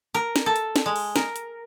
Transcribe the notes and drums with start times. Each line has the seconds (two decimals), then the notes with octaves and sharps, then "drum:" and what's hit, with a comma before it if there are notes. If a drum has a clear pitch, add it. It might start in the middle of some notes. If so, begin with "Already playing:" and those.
0.14 A#4
0.36 drum: snare
0.46 A4
0.56 drum: hi-hat
0.76 drum: snare
0.86 G#3
0.96 drum: open hi-hat
1.16 A#4, drum: snare
1.36 drum: hi-hat